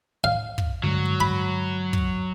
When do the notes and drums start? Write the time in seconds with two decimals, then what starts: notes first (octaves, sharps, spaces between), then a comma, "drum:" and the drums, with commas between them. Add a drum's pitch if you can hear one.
0.24 F5
0.58 drum: kick
0.83 G2 D3 F#3 G#3
1.20 B5
1.93 drum: kick